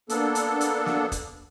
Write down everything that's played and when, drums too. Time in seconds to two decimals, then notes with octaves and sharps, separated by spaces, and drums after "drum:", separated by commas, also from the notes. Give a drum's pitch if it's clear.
0.09 A#3 B3 D4 A4, drum: hi-hat
0.35 drum: hi-hat
0.61 drum: hi-hat
0.86 drum: snare
1.12 drum: kick F1, hi-hat